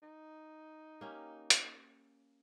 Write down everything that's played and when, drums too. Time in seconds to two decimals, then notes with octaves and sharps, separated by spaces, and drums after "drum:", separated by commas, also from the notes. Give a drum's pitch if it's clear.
0.03 D#4
1.01 A#3 C#4 G4
1.50 drum: hi-hat